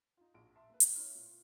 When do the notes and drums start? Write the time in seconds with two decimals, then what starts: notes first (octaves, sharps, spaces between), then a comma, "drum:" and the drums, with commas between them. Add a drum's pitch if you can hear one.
0.17 D#4 F4
0.34 A#1 F#4 D7
0.56 E5 A5 C6
0.69 A#3 B4
0.80 drum: hi-hat
0.95 C#4 E4 C6 F6
1.15 A#2